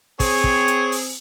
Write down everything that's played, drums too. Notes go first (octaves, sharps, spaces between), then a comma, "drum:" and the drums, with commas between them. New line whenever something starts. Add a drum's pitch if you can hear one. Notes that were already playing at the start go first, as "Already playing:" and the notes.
C4 G#4 C#5, drum: kick, open hi-hat
drum: kick
drum: hi-hat
drum: open hi-hat